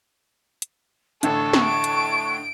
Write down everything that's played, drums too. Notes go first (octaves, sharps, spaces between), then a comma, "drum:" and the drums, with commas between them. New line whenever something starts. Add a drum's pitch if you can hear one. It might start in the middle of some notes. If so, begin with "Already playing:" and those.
drum: hi-hat
A1 A2 D3 A4 C#6, drum: hi-hat
drum: snare
A5 D7
drum: hi-hat